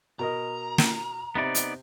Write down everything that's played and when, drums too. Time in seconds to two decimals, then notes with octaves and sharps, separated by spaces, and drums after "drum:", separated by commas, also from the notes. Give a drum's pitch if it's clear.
0.19 B2 A#4 D#5 A#5
0.78 drum: snare
1.35 C3 B3 C4 D#4 D5
1.55 drum: hi-hat